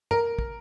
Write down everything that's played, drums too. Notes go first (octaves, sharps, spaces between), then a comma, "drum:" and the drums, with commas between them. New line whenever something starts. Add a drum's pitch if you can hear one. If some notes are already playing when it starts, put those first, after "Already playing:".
A#4, drum: tom
drum: kick